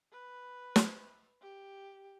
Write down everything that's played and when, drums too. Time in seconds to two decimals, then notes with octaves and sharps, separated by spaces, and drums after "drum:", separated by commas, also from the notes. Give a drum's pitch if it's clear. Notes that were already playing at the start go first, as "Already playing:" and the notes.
0.12 B4
0.76 drum: snare
1.42 G4